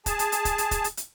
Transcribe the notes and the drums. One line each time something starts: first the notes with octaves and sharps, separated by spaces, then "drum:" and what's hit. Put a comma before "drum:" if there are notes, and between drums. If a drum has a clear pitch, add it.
G#4 A5, drum: kick, hi-hat
drum: hi-hat
drum: hi-hat
drum: kick, hi-hat
drum: hi-hat
drum: kick, hi-hat
drum: hi-hat
drum: hi-hat